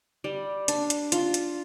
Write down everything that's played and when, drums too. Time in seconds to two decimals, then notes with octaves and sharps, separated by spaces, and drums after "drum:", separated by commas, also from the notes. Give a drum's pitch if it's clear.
0.24 G3
0.68 D4, drum: hi-hat
0.90 drum: hi-hat
1.12 F4, drum: hi-hat
1.34 drum: hi-hat